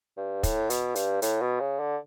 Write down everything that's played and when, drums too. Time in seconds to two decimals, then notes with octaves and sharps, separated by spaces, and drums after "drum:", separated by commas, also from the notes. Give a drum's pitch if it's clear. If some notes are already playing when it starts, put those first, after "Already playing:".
0.17 G2
0.43 A2, drum: kick, hi-hat
0.70 B2, drum: hi-hat
0.95 G2, drum: hi-hat
1.22 A2, drum: hi-hat
1.41 B2
1.60 C#3
1.80 D3